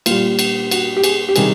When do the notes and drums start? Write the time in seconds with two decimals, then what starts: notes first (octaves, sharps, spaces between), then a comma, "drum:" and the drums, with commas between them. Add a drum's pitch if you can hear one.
0.06 A#2 G3 F4, drum: cymbal
0.39 drum: cymbal
0.71 F#4, drum: cymbal
0.97 G4
1.04 G#4, drum: cymbal
1.29 G4
1.36 C3 D#3 G3 G#4, drum: cymbal